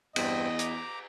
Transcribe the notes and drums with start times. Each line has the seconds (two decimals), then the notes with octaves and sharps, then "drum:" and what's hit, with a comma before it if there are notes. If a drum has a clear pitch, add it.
0.16 E2 G2 C4 D#5, drum: cymbal
0.59 A#5 D6, drum: hi-hat